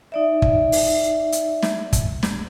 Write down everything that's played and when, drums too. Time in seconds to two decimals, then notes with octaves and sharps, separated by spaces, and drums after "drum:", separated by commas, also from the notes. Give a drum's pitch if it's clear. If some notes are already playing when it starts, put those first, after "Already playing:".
0.12 D#4 D5 E5
0.42 drum: kick
0.72 drum: open hi-hat
1.32 drum: hi-hat
1.62 drum: snare
1.93 drum: kick, hi-hat
2.23 drum: snare